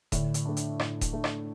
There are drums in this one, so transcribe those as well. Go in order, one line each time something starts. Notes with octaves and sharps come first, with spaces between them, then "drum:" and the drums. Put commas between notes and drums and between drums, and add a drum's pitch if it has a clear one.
A2 D3, drum: kick D#1, hi-hat
drum: hi-hat
A3 D4
drum: hi-hat
A2, drum: rim click
drum: kick D#1, hi-hat
A3 D4
drum: rim click